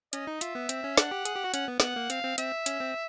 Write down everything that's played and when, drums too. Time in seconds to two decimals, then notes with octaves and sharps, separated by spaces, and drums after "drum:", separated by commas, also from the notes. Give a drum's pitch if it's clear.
0.13 C#4 D#5, drum: hi-hat
0.27 D#4
0.41 F4 E5, drum: hi-hat
0.55 B3
0.69 C4, drum: hi-hat
0.84 C#4
0.97 D4 F#5, drum: snare
1.11 G4
1.25 G#4, drum: hi-hat
1.35 G4
1.44 F#4
1.54 C#4 F#5, drum: hi-hat
1.68 B3
1.80 B3 F#5, drum: snare
1.96 A#3
2.10 C4 F5, drum: hi-hat
2.24 C4
2.38 C4 E5, drum: hi-hat
2.66 C#4, drum: hi-hat
2.80 C4